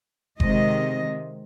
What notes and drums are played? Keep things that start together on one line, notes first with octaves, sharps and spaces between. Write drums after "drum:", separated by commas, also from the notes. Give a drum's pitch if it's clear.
C3 D#3 G#3 D#5, drum: kick F#1